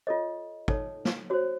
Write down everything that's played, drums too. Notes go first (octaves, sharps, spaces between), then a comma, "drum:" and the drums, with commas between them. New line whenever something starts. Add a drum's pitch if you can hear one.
F4 A4 C#5 D#5
D#4 A4 C#5, drum: kick
drum: snare
F#4 C5 C#5